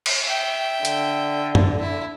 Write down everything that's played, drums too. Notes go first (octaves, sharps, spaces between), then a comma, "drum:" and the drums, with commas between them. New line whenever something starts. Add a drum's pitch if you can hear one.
drum: cymbal
E5 G5
D3, drum: hi-hat
drum: tom F#2
E4